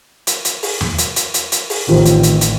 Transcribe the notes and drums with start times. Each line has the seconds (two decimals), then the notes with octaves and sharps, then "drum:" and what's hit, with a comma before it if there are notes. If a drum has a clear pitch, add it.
0.27 drum: hi-hat
0.45 drum: hi-hat
0.63 drum: open hi-hat
0.81 drum: tom E2
0.98 drum: hi-hat
1.16 drum: hi-hat
1.34 drum: hi-hat
1.52 drum: hi-hat
1.70 drum: open hi-hat
1.88 A1 C3 D#3 F3
2.06 drum: hi-hat
2.23 drum: hi-hat
2.41 drum: hi-hat